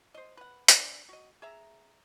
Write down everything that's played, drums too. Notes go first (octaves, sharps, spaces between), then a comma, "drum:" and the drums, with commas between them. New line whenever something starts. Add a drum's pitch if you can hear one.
C5 D#5
B4 F#5
D4 C5 D5 G#5, drum: hi-hat
F#4 D#5
G#4 E5 A#5